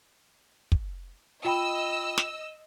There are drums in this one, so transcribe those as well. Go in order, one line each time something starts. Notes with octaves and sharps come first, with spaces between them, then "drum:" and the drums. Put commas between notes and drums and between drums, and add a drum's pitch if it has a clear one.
drum: kick
F4 D#5 G5 B5 E6
drum: snare